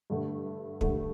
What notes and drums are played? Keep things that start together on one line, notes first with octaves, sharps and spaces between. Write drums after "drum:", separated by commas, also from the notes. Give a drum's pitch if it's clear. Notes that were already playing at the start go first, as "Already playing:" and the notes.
G2 D3 A3
G2 D3 A3, drum: kick